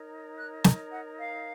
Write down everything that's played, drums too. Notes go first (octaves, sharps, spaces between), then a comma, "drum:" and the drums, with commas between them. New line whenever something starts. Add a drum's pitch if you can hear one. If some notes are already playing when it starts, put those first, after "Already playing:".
Already playing: D#4 A#4 C#5
F#6
A#5, drum: snare
F#5
F5